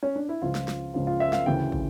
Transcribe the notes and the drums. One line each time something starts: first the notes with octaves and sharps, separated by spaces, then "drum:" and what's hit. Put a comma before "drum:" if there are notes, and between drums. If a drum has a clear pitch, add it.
C#4
D4
E4
C#2 C#3 F3 F4
drum: snare
drum: snare
C#2 C#3 F3 F4
F4
E5
F5, drum: snare
D2 C#3 E3 G5
drum: kick